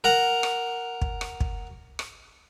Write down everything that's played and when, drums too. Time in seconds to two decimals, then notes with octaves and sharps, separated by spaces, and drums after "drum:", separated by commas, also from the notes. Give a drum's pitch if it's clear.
0.04 A#4 F#5 A#5
0.43 drum: rim click
1.02 drum: kick
1.21 drum: rim click
1.40 drum: kick
1.99 drum: rim click